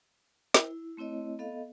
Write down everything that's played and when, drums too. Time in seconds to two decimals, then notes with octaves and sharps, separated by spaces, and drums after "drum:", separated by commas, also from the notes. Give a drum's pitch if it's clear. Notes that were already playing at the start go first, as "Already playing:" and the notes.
0.54 E4, drum: snare
0.97 A3 C4 E4 C#5 D#5
1.39 B3 A4 D#5 F5